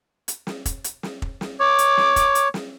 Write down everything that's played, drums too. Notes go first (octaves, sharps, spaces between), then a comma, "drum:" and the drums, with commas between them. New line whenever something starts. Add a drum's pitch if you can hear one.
drum: hi-hat
drum: snare
drum: kick, hi-hat
drum: hi-hat
drum: snare
drum: kick
drum: snare
C#5 D6
drum: hi-hat
drum: snare
drum: kick, hi-hat
drum: hi-hat
drum: snare